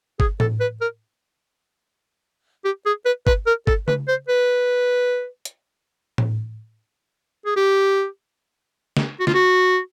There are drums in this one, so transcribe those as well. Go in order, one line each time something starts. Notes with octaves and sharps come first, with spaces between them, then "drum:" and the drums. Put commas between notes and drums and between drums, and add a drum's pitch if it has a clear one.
G#4, drum: kick G1
A4, drum: tom A2
B4
A#4
G4
G#4
B4
B4, drum: kick G1
A#4
A4, drum: kick G1
B4, drum: tom C#3
C5
B4
drum: hi-hat
drum: tom A2
G#4
G4
drum: snare
F#4
F4, drum: snare
F#4